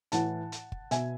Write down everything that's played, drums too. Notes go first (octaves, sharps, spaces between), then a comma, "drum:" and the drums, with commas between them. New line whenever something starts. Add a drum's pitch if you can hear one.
A2 E3 F#5 A5, drum: hi-hat
drum: hi-hat
drum: kick
B2 E5 G#5, drum: hi-hat